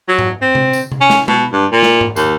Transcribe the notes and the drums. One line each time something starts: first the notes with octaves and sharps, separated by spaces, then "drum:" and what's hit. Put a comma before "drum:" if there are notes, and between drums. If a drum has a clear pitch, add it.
F#3
drum: tom G#2
C4
drum: tom C3
drum: tambourine
drum: tom C3
C#4
drum: snare
B2, drum: tom G#3
G2
A#2
drum: snare
drum: tom G#2
D#2, drum: tambourine